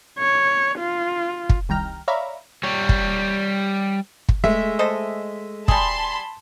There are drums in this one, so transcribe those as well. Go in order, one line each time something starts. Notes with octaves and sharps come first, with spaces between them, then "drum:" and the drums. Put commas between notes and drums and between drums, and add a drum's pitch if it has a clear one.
C#5
F4
drum: kick
C2 D#3 G3 G5 A#5 F6
C#5 D5 E5 F5 A#5 B5
G3 C#5
drum: kick
drum: kick
G#3 A3 E5
A4 C5 D#5
G3 G#4 A5 B5 C6, drum: kick